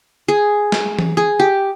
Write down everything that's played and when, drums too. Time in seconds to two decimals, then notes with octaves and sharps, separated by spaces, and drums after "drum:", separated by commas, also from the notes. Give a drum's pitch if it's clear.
0.28 G#4
0.72 drum: snare
0.99 drum: tom E3
1.17 G#4
1.40 G4